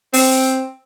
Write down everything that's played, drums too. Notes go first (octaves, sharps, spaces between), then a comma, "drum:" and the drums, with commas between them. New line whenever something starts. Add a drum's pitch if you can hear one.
C4, drum: open hi-hat